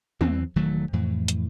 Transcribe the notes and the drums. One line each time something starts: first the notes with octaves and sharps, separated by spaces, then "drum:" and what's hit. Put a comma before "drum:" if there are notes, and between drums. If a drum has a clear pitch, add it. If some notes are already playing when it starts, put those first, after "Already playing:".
E2 E3 C4, drum: tom
E1 D#3 F#3 A3
F2 A2 E3
drum: hi-hat